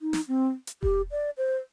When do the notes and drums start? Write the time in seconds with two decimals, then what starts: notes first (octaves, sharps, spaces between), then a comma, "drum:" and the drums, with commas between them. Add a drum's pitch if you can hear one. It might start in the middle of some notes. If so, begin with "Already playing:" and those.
0.02 D#4
0.13 drum: snare
0.28 C4
0.67 drum: hi-hat
0.83 G4, drum: kick E1
1.11 D5
1.37 C5